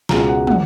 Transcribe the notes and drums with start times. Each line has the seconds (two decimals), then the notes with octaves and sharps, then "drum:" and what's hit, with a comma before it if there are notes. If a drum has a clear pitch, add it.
0.09 C#2 B2 G#3 A#5, drum: snare
0.29 F#5
0.47 F#5, drum: tom